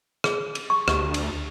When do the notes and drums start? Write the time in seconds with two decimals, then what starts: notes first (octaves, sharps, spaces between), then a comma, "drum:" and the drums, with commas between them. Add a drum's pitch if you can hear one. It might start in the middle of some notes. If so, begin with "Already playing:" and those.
0.24 G#4, drum: rim click
0.55 drum: cymbal
0.70 C#6
0.88 D2 G4, drum: rim click
1.14 drum: cymbal